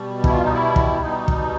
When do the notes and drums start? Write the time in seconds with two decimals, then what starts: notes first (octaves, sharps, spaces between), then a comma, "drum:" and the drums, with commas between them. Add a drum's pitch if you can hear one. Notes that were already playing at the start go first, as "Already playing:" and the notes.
Already playing: B2 G3
0.24 E4, drum: kick
0.33 F4
0.44 D#4
0.53 E4
0.76 drum: kick
1.02 B2 G3 D#4
1.28 drum: kick